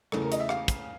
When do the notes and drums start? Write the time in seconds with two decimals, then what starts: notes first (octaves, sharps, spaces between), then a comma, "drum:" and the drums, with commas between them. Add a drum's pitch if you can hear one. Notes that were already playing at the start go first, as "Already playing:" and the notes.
0.12 E2 C#3 E3 A3 A4, drum: rim click
0.22 A#4
0.32 D#5, drum: hi-hat
0.40 E5
0.49 F5, drum: rim click
0.68 drum: kick, hi-hat